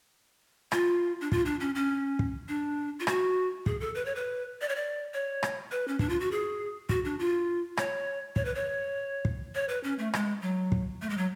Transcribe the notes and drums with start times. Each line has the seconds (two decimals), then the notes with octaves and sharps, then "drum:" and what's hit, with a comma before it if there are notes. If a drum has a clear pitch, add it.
0.72 F4, drum: rim click
1.21 D4
1.32 F4, drum: kick
1.46 D4
1.60 C#4
1.75 C#4
2.19 drum: kick
2.49 D4
3.00 F4
3.07 F#4, drum: rim click
3.66 G#4, drum: kick
3.80 A4
3.95 B4
4.06 C#5
4.15 B4
4.61 D5
4.69 C#5
4.76 D5
5.14 C#5
5.43 drum: rim click
5.71 B4
5.88 C#4
5.99 D4, drum: kick
6.09 F4
6.20 F#4
6.31 G#4
6.89 F#4, drum: kick
7.05 D4
7.19 F4
7.77 C#5, drum: rim click
8.36 C#5, drum: kick
8.45 B4
8.55 C#5
9.25 drum: kick
9.55 C#5
9.69 B4
9.84 C#4
9.99 A3
10.13 G#3, drum: rim click
10.42 F#3
10.72 drum: kick
11.02 A3
11.10 G#3
11.18 F#3